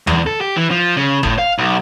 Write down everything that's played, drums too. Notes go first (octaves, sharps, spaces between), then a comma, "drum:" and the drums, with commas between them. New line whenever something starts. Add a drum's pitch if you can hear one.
E2, drum: tom
A4
G4
E3
F3
C#3
A2, drum: kick G1
F5
B1